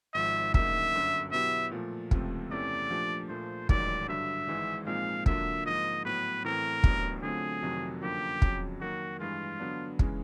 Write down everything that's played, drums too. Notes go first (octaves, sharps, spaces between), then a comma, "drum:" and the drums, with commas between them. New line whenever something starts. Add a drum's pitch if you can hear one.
G#1 G#2 F3 E5
D2 C#3 F#3 A#3 D#4 E5, drum: kick
G1 F#2 D3
B2 F#3 B3 E4 G4 E5
A#2 F3 A3
C#2 C3 F3 A3 C4, drum: kick
E2 C3 E3 A3 C#4 D5
A#2 F3 A3 D4 G4
A#2 F3 A3 C5
A1 G#2 D#3 F#3 D5, drum: kick
G2 D3 F#3 E5
G#1 G#2 E3 G#3
A#2 F3 G#3 C4 D#4 F5
D3 F#3 A#3 D4 F4 E5, drum: kick
G#2 F3 A#3 D#5
A2 F#3 B3 B4
A2 E3 A3 C4 A#4
A1 A2 F#3 B3 D4, drum: kick
D3 F#3 A3 C4 F4 G#4
F2 C3 D#3 F#3 A3
F#2 D3 F3 A#3 G4
F2 C#3 F#3, drum: kick
D#3 F#3 A#3 F#4
G2 E3 G#3 F4
D3 F#3 B3 D4
C#3 E3 G#3 C#4, drum: kick